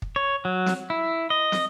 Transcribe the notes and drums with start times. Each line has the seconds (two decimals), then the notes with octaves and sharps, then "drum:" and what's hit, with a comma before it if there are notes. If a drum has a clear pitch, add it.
0.02 drum: kick
0.16 C#5
0.45 F#3
0.66 drum: snare
0.90 E4
1.30 D#5
1.52 drum: snare